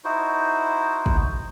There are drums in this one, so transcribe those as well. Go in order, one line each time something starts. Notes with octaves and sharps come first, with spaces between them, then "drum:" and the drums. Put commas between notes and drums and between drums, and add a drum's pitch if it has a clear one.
D#4 E4 F#4 C5
drum: kick